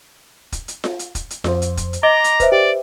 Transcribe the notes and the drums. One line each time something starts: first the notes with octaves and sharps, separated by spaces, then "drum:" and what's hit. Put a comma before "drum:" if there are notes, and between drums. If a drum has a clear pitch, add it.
drum: kick, hi-hat
drum: hi-hat
drum: snare F4
drum: hi-hat
drum: kick, hi-hat
drum: hi-hat
F2 C5, drum: snare F4
drum: hi-hat
drum: kick, hi-hat
drum: hi-hat
D#5 A#5 D6 G7
drum: hi-hat
B4 C5 E5, drum: kick, hi-hat
G4 D5